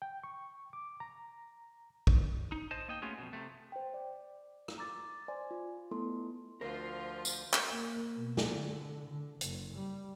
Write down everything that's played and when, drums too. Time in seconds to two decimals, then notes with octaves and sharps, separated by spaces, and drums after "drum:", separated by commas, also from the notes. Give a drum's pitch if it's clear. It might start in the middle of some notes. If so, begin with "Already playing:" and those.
0.02 G5
0.24 C#6
0.73 D6
1.00 A#5
2.07 D2, drum: kick
2.52 D#4
2.71 C5 D#5 A5
2.88 A#3 D#5 G5
3.02 A3 B3 C#4 F4 F#4 G#4
3.18 F2 B2
3.33 C3 A3
3.72 C5 G5
3.94 D5
4.68 drum: rim click
4.78 A#5 D6 A6
5.28 C5 D5 G#5 C6
5.51 F4
5.91 A3 B3 E4 A4 C6
6.61 D2 F3 F4 A#4 C5
7.25 drum: tambourine
7.53 drum: clap
7.71 A#3
8.16 B2
8.37 drum: snare
8.50 D3
9.09 D3
9.41 F#1, drum: hi-hat
9.75 G3